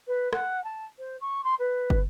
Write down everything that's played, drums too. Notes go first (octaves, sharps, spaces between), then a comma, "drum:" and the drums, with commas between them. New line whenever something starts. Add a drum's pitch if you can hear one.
B4
F#5, drum: rim click
A5
C5
C#6
C6
B4
drum: kick